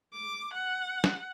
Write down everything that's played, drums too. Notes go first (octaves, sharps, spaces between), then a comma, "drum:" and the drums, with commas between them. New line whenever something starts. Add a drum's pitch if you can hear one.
D6
F#5
drum: snare